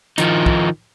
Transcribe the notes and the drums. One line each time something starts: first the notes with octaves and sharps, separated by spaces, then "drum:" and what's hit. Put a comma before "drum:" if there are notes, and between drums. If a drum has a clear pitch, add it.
D#3 F3 D#4, drum: hi-hat
drum: kick